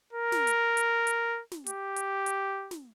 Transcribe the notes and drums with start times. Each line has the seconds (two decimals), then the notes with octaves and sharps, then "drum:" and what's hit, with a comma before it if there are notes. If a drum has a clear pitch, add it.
0.13 A#4
0.32 drum: snare
0.47 drum: hi-hat
0.77 drum: hi-hat
1.07 drum: hi-hat
1.52 drum: snare
1.66 G4, drum: hi-hat
1.96 drum: hi-hat
2.26 drum: hi-hat
2.71 drum: snare